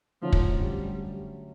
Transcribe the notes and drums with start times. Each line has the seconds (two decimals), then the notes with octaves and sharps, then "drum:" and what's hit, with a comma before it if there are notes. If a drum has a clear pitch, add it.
0.22 D3 F3 F#3 A3 C#4
0.32 drum: kick
0.61 G3